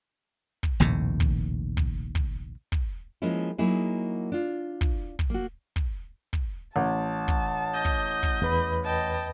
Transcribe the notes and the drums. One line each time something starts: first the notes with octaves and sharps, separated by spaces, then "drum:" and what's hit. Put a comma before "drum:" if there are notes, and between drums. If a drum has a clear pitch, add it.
drum: kick
A#1 D#2 A2 C3
drum: kick
drum: kick
drum: kick
drum: kick
F3 G#3 A#3 C#4 E4
F#3 A#3 D#4 E4 G#4
D4 F4
drum: kick
drum: kick
A#3 F#4
drum: kick
drum: kick
A1 A5
drum: kick
D#5 G6
drum: kick
drum: kick
E2 B4 B5
D#5 G5 A5